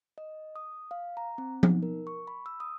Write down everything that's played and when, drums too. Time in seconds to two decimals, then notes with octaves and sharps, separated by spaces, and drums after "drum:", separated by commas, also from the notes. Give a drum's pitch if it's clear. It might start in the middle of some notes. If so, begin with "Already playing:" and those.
0.18 D#5
0.56 D#6
0.91 F5
1.17 A#5
1.38 C4
1.63 D#4, drum: tom F3
1.83 A#4
2.07 C#6
2.27 B5
2.46 E6
2.60 D#6